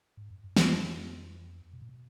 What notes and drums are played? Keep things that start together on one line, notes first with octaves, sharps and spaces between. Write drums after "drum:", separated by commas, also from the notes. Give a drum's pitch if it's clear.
G#2
F#2
F#2
F2, drum: snare
B2
A#2
B2